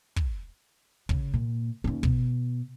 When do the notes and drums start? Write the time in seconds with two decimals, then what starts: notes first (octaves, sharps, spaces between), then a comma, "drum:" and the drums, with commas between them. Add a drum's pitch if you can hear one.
0.16 drum: kick
1.09 C#3, drum: kick
1.34 A#2
1.84 D#2 C#4
2.03 B2, drum: kick